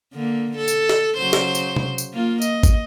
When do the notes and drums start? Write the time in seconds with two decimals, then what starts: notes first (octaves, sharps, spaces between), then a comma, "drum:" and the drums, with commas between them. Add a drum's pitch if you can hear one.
0.14 D3 A#3
0.57 A4
0.68 drum: tambourine
0.89 drum: snare
1.17 C#3 F#3 C5
1.33 drum: snare
1.55 drum: tambourine
1.76 drum: tom C3
1.98 drum: tambourine
2.13 A#3 F4
2.42 D#5, drum: tambourine
2.63 drum: kick, tambourine